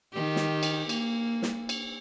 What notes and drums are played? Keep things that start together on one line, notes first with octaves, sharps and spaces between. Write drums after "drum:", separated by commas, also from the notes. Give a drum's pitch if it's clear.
D#3 G4
drum: snare
drum: cymbal
A#3, drum: cymbal
drum: snare
drum: cymbal